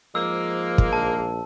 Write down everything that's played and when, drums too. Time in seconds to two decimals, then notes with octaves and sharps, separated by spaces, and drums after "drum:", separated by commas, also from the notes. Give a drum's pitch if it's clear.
0.15 G#2 F3 G#3 A#3 E6
0.78 drum: kick
0.93 A#1 A5